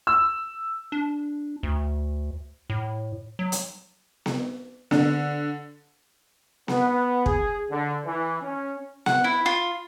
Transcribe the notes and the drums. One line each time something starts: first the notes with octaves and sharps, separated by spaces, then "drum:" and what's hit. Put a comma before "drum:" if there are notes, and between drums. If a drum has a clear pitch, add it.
E6
D4
D2
A2
F#3
drum: hi-hat
drum: snare B3
D3, drum: snare B3
B3, drum: snare B3
G#4, drum: kick
D3
E3
C#4
F#5, drum: snare B3
E4
F4